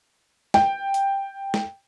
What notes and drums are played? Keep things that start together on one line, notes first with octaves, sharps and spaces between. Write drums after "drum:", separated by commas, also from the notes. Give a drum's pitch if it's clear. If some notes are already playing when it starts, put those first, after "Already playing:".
G5, drum: snare
drum: hi-hat
drum: snare